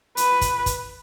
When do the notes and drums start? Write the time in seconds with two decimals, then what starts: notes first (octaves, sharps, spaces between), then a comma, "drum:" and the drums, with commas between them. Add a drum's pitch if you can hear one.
0.17 B4, drum: hi-hat
0.41 drum: kick, hi-hat
0.66 drum: kick, hi-hat